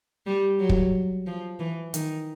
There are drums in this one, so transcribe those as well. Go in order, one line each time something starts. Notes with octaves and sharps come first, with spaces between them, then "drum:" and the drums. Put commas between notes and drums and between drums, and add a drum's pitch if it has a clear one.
G3
F#3
drum: kick
F3
E3
D#3, drum: hi-hat